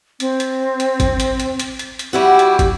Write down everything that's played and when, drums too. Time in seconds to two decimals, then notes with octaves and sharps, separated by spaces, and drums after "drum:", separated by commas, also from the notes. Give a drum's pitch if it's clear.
0.20 C4, drum: hi-hat
0.40 drum: hi-hat
0.80 drum: hi-hat
1.00 drum: kick, hi-hat
1.20 drum: hi-hat
1.40 drum: hi-hat
1.59 drum: hi-hat
1.79 drum: hi-hat
1.99 drum: hi-hat
2.13 G3 E4 F#4 G4
2.39 drum: hi-hat
2.59 drum: kick, hi-hat